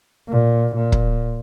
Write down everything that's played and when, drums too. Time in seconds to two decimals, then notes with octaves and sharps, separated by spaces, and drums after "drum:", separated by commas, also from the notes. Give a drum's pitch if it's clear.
0.29 A#2
0.76 A#2
0.92 drum: kick